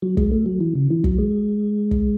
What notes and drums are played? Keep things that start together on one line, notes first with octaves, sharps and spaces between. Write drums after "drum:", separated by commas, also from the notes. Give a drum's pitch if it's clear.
F#3
G#3, drum: kick
A3
F#3
E3
C#3
E3
F#3, drum: kick
G#3
drum: kick